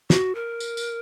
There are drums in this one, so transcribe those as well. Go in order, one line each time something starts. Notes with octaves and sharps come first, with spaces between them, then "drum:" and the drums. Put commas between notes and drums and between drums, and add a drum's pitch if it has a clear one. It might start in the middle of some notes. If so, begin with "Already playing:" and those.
F#4, drum: snare
A#4
drum: tambourine
drum: tambourine